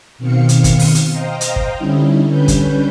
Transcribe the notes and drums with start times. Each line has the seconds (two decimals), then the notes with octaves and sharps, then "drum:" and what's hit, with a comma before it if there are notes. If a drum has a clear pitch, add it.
0.18 B2 D#3 C4 F5 C#7
0.49 drum: hi-hat
0.64 drum: kick G#1, hi-hat
0.79 drum: open hi-hat
0.95 drum: hi-hat
1.11 C5 D#5 F5 G5 A#5
1.41 drum: hi-hat
1.56 drum: kick G#1
1.78 D3 G3 C#4 D#4 E4
2.28 D3 G3 C#4 B4 G6
2.48 drum: kick G#1, hi-hat